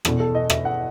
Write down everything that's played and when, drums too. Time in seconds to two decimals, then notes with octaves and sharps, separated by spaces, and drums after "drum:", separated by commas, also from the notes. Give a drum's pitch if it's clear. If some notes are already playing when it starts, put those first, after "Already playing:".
0.05 E2 B2 A4, drum: rim click
0.20 A4
0.35 D#5
0.50 E5, drum: rim click
0.65 F#5